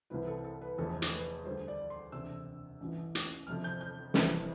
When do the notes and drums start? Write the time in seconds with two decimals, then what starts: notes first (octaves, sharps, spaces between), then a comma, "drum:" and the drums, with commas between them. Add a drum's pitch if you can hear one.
0.10 C2 C3 E3 B4
0.27 A4
0.44 A4
0.61 B4
0.78 F1 E2 D3 F3 A4
1.02 drum: hi-hat
1.11 B4
1.45 D2 D3 G3 C5
1.68 D5
1.90 C6
2.12 E1 D2 C3 E6
2.81 A1 G2 E3
3.15 drum: hi-hat
3.47 G1 F2 C3 F3 F6
3.64 G6
3.81 G6
4.14 G1 F2 C3 E3 G3, drum: snare